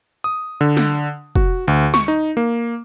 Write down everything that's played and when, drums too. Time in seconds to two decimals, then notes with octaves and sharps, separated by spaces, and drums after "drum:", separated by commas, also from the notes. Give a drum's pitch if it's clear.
0.24 D#6
0.61 D3
0.77 drum: snare
1.36 F#4, drum: kick
1.68 D2
1.94 C#6, drum: snare
2.08 D#4
2.37 A#3